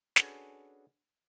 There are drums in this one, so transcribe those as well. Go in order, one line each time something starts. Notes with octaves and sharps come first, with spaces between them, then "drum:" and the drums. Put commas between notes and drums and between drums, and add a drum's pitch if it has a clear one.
C#4 D4 F#4 G#4 A4 B4, drum: snare